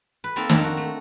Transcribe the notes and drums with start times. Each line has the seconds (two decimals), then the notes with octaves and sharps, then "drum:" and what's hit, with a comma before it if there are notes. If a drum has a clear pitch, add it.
0.24 B4
0.36 A#3 C4 D#4 A4
0.49 F2 D#3 D4, drum: snare
0.63 F#4
0.77 A3